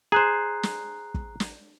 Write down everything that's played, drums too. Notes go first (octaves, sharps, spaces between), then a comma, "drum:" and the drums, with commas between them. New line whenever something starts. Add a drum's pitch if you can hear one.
G#4 C5 A#5 F#6 C7
drum: snare
drum: kick
drum: snare